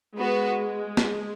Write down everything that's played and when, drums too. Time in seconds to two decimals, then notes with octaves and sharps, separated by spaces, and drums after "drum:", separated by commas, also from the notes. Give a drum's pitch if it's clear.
0.16 G#3 B3 F#4 B4
0.97 drum: snare